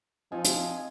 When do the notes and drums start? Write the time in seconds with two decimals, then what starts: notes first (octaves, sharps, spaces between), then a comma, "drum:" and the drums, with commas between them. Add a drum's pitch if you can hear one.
0.32 F3 C4 D#4 F4 D#5 G#5
0.45 drum: hi-hat